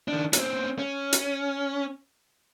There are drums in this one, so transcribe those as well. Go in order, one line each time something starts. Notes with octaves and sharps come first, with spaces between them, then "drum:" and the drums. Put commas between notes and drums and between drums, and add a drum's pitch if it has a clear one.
D#3 D4
C4 C#4, drum: hi-hat
C#4
drum: hi-hat